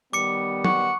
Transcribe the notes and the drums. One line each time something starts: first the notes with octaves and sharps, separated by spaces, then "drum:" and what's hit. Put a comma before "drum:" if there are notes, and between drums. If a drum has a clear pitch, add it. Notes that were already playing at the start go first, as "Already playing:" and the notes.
D#3 G3 B3 D6 C#7
F#5 C#6, drum: tom